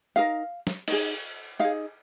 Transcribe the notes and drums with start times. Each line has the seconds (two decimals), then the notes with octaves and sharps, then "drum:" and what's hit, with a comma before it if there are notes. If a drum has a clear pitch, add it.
0.16 D#4 A#4 F5
0.67 drum: snare
0.88 D#4 G#4, drum: cymbal
1.59 D#4 G#4 F5